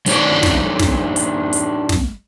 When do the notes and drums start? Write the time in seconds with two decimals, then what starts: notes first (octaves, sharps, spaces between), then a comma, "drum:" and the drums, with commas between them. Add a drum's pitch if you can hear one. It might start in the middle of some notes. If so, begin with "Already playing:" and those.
0.06 F#3 D4 D#4 B4 C#5 D5, drum: hi-hat
0.43 drum: snare
0.79 drum: snare
1.16 drum: hi-hat
1.53 drum: hi-hat
1.89 drum: snare